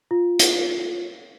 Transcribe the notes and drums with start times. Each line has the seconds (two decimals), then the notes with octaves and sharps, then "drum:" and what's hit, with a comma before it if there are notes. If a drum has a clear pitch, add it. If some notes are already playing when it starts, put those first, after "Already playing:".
0.11 F4
0.39 drum: hi-hat